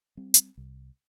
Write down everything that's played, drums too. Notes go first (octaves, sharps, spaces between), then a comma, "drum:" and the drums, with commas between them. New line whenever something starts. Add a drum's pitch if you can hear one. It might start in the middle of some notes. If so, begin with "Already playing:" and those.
G3 C4
drum: hi-hat
C2